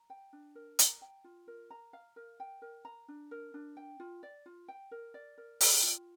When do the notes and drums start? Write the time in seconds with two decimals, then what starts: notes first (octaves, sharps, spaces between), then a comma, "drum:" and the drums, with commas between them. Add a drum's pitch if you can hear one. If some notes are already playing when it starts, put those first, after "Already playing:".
Already playing: A#5
0.10 G5
0.33 D4
0.55 A#4
0.79 A#5, drum: hi-hat
1.02 G5
1.24 F4
1.47 A#4
1.70 A#5
1.93 F5
2.16 A#4
2.40 G5
2.62 A#4
2.85 A#5
3.08 D4
3.31 A#4
3.54 D4
3.77 G5
4.00 F4
4.23 D5
4.46 F4
4.68 G5
4.91 A#4
5.14 D5
5.38 A#4
5.61 G5, drum: open hi-hat
5.83 F4